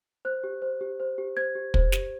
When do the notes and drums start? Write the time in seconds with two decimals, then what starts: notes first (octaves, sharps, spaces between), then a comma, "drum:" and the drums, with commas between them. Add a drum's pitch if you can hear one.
0.25 C5 F#6
0.44 G4
0.62 C5
0.81 G4
1.00 C5
1.18 G4
1.37 C5 G#6
1.55 G4
1.74 C5, drum: kick
1.92 G4, drum: snare